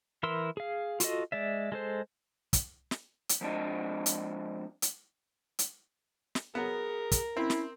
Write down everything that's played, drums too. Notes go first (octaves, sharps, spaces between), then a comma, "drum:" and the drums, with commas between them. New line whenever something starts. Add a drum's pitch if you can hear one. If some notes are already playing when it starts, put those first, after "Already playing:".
E3 E4 A#4 C6 E6
G#4 F5
F4 F#4 A4 D#5, drum: hi-hat
G#3 D5 E5
G#3 A4 C5
drum: kick, hi-hat
drum: snare
drum: hi-hat
F3 G#3 C4 D4 D5 D#5
drum: hi-hat
drum: hi-hat
drum: hi-hat
drum: snare
F#3 B3 G#4 A#4
drum: kick, hi-hat
C4 C#4 E4
drum: snare